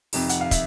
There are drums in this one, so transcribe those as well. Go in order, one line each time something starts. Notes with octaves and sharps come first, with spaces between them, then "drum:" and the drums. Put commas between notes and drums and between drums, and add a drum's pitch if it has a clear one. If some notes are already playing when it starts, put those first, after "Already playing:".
F2 C3 D#3, drum: open hi-hat
F#5, drum: hi-hat
F5
E5, drum: kick, hi-hat